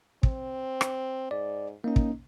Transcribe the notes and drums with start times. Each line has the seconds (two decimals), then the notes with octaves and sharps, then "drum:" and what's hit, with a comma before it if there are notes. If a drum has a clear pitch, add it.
0.23 C4, drum: kick
0.81 drum: rim click
1.31 G#2 D5
1.84 A#3 C#4 D#4
1.96 drum: kick